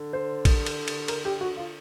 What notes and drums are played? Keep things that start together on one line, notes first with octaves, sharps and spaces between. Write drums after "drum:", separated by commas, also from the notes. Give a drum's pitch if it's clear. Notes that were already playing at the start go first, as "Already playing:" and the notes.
Already playing: D3
C5
drum: kick, cymbal
drum: cymbal
drum: cymbal
A#4, drum: cymbal
G4
F#4
F4